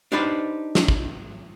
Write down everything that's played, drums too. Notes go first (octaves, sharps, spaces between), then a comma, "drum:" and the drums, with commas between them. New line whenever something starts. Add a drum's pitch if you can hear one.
D4 D#4 G4 B4 C5 D5
drum: snare
drum: kick